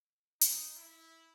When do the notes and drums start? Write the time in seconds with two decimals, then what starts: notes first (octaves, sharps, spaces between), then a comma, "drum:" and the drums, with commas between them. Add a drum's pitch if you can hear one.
0.41 D#4, drum: hi-hat
0.76 E4